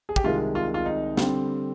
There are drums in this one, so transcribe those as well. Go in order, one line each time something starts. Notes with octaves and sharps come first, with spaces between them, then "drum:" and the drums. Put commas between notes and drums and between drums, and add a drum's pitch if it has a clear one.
G#4
G4, drum: kick
C2 C3 D#3 G#3 F4
F4
F4
D#4
D3 G3 C4, drum: snare